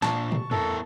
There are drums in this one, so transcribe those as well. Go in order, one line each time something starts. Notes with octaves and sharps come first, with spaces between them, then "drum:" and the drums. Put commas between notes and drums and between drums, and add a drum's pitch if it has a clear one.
A#2 D4 F4 A5 C#6, drum: snare
drum: tom
B3 E4 A4 A#4, drum: tom